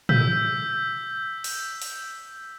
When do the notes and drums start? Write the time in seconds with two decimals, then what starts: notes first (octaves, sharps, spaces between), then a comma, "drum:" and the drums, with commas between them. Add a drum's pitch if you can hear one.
0.09 E6 G6 B6, drum: tom
1.44 drum: open hi-hat
1.82 drum: open hi-hat